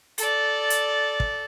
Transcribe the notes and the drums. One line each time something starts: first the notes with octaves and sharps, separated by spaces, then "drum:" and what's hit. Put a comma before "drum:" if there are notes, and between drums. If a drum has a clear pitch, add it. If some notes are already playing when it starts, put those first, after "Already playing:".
A4 D5, drum: hi-hat
drum: hi-hat
drum: kick